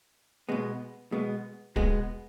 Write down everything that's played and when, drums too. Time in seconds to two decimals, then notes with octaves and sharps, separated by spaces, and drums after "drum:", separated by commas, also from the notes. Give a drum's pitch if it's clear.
0.49 B2 G#3 B3
1.12 B2 G#3 B3
1.76 B2 G#3 B3, drum: kick